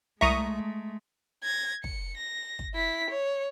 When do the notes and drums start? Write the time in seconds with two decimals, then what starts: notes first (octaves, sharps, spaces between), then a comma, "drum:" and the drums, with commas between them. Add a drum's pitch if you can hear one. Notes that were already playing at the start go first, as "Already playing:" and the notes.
0.21 C2 G#3 A3 E5 A#5 C#6 D#6
1.44 G#6 A#6
1.84 C#7, drum: kick
2.17 A#6
2.59 drum: kick
2.74 E4 B6
3.10 C#5